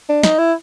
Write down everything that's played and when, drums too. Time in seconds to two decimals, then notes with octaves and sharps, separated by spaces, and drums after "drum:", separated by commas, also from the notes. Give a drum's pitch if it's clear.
0.09 D4
0.23 D#4, drum: snare
0.39 E4